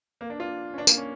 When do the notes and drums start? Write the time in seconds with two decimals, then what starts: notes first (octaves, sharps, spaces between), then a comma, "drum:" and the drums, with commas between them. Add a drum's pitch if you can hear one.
0.21 A#3
0.30 D4
0.40 F4
0.74 C#4
0.78 D4
0.87 A#3, drum: tambourine
0.97 C#4